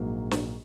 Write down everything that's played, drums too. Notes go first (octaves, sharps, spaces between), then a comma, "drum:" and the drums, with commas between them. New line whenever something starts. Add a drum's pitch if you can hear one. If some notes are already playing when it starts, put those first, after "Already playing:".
Already playing: A#1 G#2 F#3 A#3
drum: snare